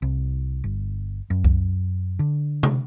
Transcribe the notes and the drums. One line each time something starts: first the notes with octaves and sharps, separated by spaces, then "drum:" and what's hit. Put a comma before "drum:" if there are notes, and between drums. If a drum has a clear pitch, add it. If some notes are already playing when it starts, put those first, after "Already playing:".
C2
G1
F#2
drum: kick C2
D3
drum: tom C3